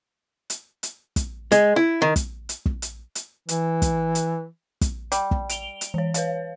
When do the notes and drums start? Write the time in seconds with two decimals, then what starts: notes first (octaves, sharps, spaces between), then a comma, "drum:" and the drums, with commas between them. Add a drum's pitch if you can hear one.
0.50 drum: hi-hat
0.83 drum: hi-hat
1.16 drum: kick, hi-hat
1.52 G#3, drum: hi-hat
1.76 E4
2.02 D#3
2.16 drum: kick, hi-hat
2.49 drum: hi-hat
2.66 drum: kick
2.82 drum: hi-hat
3.15 drum: hi-hat
3.49 E3, drum: hi-hat
3.82 drum: kick, hi-hat
4.15 drum: hi-hat
4.81 drum: kick, hi-hat
5.12 G3, drum: hi-hat
5.31 drum: kick
5.49 D7 F7 G7, drum: hi-hat
5.81 drum: hi-hat
5.94 E3 C#5
6.14 B4 C#5 F5, drum: hi-hat